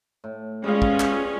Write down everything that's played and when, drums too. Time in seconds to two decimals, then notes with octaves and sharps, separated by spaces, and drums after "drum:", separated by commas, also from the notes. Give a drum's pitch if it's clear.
0.24 A2
0.64 G3 G#3 B3 C#4 F4 F5
0.82 drum: kick
1.00 drum: clap